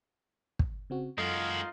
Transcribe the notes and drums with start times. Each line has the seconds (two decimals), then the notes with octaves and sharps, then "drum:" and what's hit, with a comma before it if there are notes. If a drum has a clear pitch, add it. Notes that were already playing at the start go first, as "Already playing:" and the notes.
0.59 drum: kick
0.90 C#3 C4 F#4
1.18 F#2 G#3 D#4 F4 F#4 A4 A#4